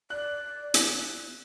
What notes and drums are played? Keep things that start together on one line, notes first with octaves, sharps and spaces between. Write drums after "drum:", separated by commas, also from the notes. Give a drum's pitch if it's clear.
D5 F#6
drum: hi-hat